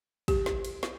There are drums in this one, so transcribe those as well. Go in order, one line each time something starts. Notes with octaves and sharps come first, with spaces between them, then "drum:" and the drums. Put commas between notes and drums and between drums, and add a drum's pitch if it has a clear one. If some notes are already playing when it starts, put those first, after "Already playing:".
G4, drum: kick, cymbal
drum: snare
drum: cymbal
drum: snare